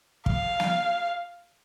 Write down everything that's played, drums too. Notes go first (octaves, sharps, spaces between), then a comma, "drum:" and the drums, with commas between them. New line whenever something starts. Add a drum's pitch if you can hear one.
F5, drum: kick
drum: snare